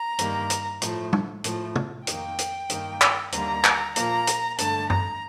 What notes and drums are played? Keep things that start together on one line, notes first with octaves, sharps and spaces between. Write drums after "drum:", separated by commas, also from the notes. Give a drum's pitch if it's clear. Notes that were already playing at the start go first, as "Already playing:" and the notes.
Already playing: A#5
G2 D#3 G3 A#3, drum: hi-hat
drum: hi-hat
A2 F3 A3, drum: hi-hat
drum: tom G3
A2 F3 A3, drum: hi-hat
drum: tom
F2 D#3 A#3 G5, drum: hi-hat
drum: hi-hat
G2 D#3 A#3, drum: hi-hat
drum: clap
D#2 D3 G3 A#3 A#5, drum: hi-hat
drum: clap
A#2 F3 A#3 A#5, drum: hi-hat
drum: hi-hat
G2 D3 A3 A5, drum: hi-hat
A#5, drum: tom